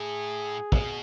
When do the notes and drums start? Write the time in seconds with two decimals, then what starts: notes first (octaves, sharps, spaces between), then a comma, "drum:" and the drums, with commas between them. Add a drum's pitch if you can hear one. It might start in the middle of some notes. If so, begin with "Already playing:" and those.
Already playing: A2 G#4
0.72 B2, drum: kick